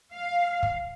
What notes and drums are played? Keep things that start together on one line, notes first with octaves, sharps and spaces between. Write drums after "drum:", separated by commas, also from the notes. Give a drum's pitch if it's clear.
F5
drum: kick